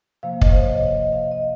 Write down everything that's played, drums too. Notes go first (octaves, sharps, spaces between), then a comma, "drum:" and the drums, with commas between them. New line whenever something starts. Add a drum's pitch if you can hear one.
C3 F3 A#3 F5
D#5, drum: kick
C5
C#5
D#5
D#5
F5
D#5